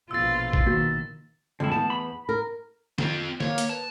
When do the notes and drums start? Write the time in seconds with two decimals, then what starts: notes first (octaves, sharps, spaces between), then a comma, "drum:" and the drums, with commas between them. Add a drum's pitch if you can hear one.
0.11 A#1 B2 F4 E6 A6
0.53 drum: kick
0.66 D#3 A#3 F#4
1.60 F2 D3 G#3 E4
1.72 E2 B3 A5
1.90 B5
2.29 A#4
2.98 C4 F4, drum: snare
3.40 A#3 C#5, drum: snare
3.58 drum: hi-hat
3.69 B4 A5